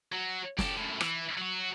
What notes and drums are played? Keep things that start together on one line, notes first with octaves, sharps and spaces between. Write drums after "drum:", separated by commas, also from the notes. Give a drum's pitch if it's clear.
F#3
G4 A4, drum: snare
F#2 A2
E3, drum: rim click
F#3 F#4